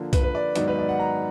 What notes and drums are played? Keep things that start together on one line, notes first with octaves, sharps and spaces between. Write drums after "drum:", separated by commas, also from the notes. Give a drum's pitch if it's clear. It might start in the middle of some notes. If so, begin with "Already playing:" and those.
Already playing: D3 F3 A#3
B4, drum: kick C2, hi-hat
B4
D5
G#2 D#3 F#3 B3 D#4 D5, drum: hi-hat
B4
D5
F#5
A#5